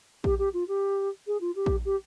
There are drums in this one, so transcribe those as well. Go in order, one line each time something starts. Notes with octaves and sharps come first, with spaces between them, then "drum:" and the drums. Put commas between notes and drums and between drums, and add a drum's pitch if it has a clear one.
G4, drum: kick A#1
G4
F4
G4
G#4
F4
G4
drum: kick A#1
G4